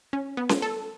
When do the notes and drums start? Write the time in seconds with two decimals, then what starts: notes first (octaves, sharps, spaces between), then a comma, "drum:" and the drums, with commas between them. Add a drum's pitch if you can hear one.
0.13 C#4
0.37 B3
0.49 drum: snare C#4
0.62 A4